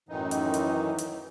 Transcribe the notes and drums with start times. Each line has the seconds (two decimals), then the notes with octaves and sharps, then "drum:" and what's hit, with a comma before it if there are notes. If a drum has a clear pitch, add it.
0.09 F#2 A2 D#3 E3 D#4
0.31 drum: hi-hat
0.54 drum: hi-hat
0.98 drum: hi-hat